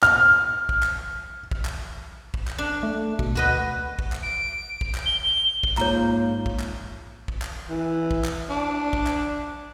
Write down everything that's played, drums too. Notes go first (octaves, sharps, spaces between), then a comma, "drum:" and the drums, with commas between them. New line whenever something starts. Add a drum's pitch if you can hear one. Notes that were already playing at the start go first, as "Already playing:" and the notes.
F6, drum: clap
drum: kick
drum: clap
drum: kick
drum: clap
drum: kick
drum: clap
D4
A3
B2, drum: kick
D2 F#4 B4 D#5
drum: kick
drum: clap
D7
drum: kick
drum: clap
G7
drum: kick
G#2 A#3 F4 C#5 A#5, drum: clap
drum: kick
drum: clap
drum: kick
drum: clap
E3
drum: kick
drum: clap
D4
drum: kick
drum: clap